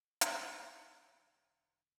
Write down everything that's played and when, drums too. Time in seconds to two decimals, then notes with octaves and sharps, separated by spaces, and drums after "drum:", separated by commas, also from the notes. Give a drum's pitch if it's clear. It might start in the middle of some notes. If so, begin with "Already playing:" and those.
0.21 E1 D3 F#3, drum: hi-hat